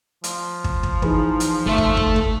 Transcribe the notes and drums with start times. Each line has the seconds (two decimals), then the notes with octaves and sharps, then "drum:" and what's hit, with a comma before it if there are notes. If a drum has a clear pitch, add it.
0.24 F3, drum: hi-hat
0.64 drum: kick
0.83 drum: kick
1.02 E3 D#4 G#4 B5, drum: kick
1.40 drum: hi-hat
1.66 G1 A3 E5
1.78 drum: kick
1.97 drum: kick
2.16 drum: kick